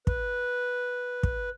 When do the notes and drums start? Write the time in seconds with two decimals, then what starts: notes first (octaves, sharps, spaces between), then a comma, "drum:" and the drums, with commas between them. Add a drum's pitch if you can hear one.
0.07 B4, drum: kick
1.23 drum: kick